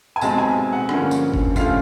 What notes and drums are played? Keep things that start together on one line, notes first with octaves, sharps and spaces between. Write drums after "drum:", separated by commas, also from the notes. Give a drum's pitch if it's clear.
G#5
B1 B2 G#3 C4 D#4 A5, drum: tambourine
G#5
F#5
G2 D3 F3 A#3 C#4, drum: rim click
drum: tambourine
drum: kick
A2 F3 A3 C#4 F4 F5, drum: kick, tambourine